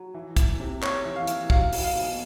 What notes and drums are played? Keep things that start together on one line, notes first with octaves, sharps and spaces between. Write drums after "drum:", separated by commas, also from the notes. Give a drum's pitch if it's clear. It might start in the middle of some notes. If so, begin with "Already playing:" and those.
Already playing: F#3
E3
E3, drum: kick, hi-hat
C3
C3 C#5, drum: clap
E3
F5
E3, drum: hi-hat
F#3 F5, drum: kick
F#3, drum: open hi-hat
F5
B2